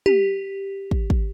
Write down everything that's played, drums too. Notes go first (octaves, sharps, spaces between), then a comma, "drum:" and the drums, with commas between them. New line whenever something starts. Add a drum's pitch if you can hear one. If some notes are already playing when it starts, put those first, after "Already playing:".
G4, drum: tom
drum: kick
drum: kick